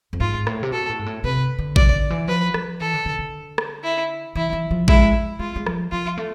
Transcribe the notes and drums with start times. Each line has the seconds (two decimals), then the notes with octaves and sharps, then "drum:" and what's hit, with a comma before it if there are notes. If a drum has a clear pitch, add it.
0.13 F2
0.20 G#2 F4
0.47 A2, drum: rim click
0.63 C3
0.72 B2 A4
0.89 A2
0.99 G#2
1.06 A2
1.24 C3 B4
1.59 D3
1.76 C3 D5, drum: kick A1
1.93 D3
2.10 E3
2.28 F3 B4
2.54 F3, drum: rim click
2.80 E3 A4
2.93 D3
3.06 D3
3.19 D3
3.58 drum: rim click
3.84 E4
4.35 E3 E4
4.53 E3
4.71 F3
4.88 G#3 E4, drum: kick A1
5.39 G#3 F4
5.56 G#3
5.67 F3, drum: rim click
5.92 F3 F4
6.18 A3